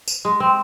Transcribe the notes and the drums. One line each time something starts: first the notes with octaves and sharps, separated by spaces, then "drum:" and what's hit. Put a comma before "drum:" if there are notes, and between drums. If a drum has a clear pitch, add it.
drum: tambourine
G#3
C4